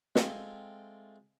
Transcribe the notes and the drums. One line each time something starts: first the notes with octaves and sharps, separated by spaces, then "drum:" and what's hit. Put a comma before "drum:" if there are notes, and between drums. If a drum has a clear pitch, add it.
G#3 A3 C4 F4 G5 G#5, drum: snare